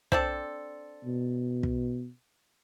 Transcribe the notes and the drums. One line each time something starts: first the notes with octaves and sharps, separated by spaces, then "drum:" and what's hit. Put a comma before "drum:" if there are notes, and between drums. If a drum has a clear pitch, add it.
C4 D4 A4, drum: kick
B2
drum: kick